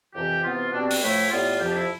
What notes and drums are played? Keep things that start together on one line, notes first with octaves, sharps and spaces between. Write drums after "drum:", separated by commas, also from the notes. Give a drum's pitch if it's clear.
F2 C3 E3 G4
C3 E3 B3 F4
B2 G3 C4 D4
D4, drum: open hi-hat
A2 F3 A3 E4
A2 G3 B3 F4
F2 C3 F3 G4
D4
E4